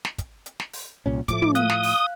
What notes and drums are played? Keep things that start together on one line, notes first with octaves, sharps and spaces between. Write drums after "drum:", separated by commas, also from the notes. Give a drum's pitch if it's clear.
drum: snare
drum: kick, hi-hat
drum: hi-hat
drum: snare
drum: open hi-hat
C2 A#2 C#4
A2 F3 A3 D6, drum: kick, hi-hat
drum: tom
F5 D#6 F#6, drum: hi-hat
drum: snare
drum: open hi-hat